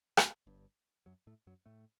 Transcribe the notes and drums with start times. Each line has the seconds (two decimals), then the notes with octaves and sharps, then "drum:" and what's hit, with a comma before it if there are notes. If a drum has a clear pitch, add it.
0.17 G1 G2, drum: rim click
0.47 G1 G2
1.06 F#2 F#3
1.27 A2 A3
1.47 F#2 F#3
1.66 A2 A3